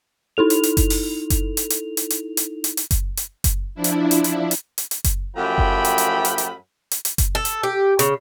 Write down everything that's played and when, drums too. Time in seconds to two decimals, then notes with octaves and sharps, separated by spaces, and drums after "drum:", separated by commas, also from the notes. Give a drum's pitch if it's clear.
0.37 D#4 E4 A4 F7
0.50 drum: hi-hat
0.63 drum: hi-hat
0.77 drum: kick F#1, hi-hat
0.90 drum: open hi-hat
1.30 drum: kick F#1, hi-hat
1.57 drum: hi-hat
1.70 drum: hi-hat
1.97 drum: hi-hat
2.10 drum: hi-hat
2.37 drum: hi-hat
2.64 drum: hi-hat
2.77 drum: hi-hat
2.91 drum: kick F#1, hi-hat
3.17 drum: hi-hat
3.44 drum: kick F#1, hi-hat
3.75 F3 D4 E4
3.84 drum: hi-hat
4.11 drum: hi-hat
4.24 drum: hi-hat
4.51 drum: hi-hat
4.78 drum: hi-hat
4.91 drum: hi-hat
5.04 drum: kick F#1, hi-hat
5.35 F#2 F3 A3 G4 G5 B5
5.58 drum: kick F#1
5.85 drum: hi-hat
5.98 drum: hi-hat
6.25 drum: hi-hat
6.38 drum: hi-hat
6.91 drum: hi-hat
7.05 drum: hi-hat
7.18 drum: kick F#1, hi-hat
7.35 A4
7.45 drum: hi-hat
7.63 G4
7.99 C#3, drum: hi-hat